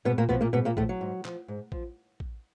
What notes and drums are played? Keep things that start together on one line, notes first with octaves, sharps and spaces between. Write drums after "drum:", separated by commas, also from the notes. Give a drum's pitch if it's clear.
G#2 B2 B3
A#2 A#3
B2 F3 B3, drum: kick
A#2 A#3
G#2 B2 B3
A#2 A#3
A2 F3 A3, drum: kick
F#3
G#2
F3, drum: clap
G#2
F3, drum: kick
drum: kick